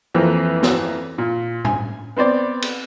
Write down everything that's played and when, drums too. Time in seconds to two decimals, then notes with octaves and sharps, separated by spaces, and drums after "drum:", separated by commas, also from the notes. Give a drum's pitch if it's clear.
0.14 F2 E3 A#3 C4
0.63 drum: snare
1.18 A#2
1.65 G#5, drum: tom A2
2.17 B3 C4 C5 D5
2.62 drum: cymbal